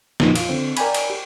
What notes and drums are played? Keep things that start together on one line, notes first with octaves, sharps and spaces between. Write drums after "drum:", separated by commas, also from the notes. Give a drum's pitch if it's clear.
F2 A#2 D#3 F3, drum: snare
F4, drum: cymbal
D3 C4
A#4 D5 G5 G#5 B5, drum: cymbal
drum: cymbal
G4